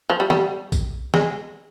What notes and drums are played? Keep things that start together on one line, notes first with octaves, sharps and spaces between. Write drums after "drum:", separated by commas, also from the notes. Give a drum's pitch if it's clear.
F3
G3
G3, drum: snare
drum: kick A#1, tambourine
G#3, drum: snare